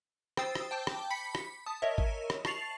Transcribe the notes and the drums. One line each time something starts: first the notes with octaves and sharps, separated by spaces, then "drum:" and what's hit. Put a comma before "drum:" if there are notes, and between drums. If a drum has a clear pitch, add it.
C5 G5 D#6 E6 A6 C7, drum: rim click
drum: rim click
G5 A5 D6 G6
drum: rim click
B5 B6 C#7
drum: rim click
A5 D#6
A#4 C#5 D#5 E5
drum: kick G#1
drum: rim click
A5 C#6 A6 C7 F7 F#7, drum: rim click